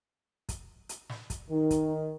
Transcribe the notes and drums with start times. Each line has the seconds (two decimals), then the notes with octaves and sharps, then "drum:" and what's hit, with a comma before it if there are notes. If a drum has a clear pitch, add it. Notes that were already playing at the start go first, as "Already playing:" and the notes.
0.49 drum: kick, hi-hat
0.89 drum: hi-hat
1.10 drum: snare
1.30 drum: kick, hi-hat
1.50 D#3 D#4
1.70 drum: kick, hi-hat